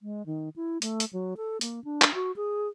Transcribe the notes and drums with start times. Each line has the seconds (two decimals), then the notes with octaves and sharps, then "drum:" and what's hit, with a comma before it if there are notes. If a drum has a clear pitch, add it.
0.02 G#3
0.26 D#3
0.56 E4
0.82 A3, drum: hi-hat
1.00 drum: hi-hat
1.13 F#3
1.37 A4
1.61 A#3, drum: hi-hat
1.84 D4
2.02 drum: clap
2.14 F#4
2.36 G#4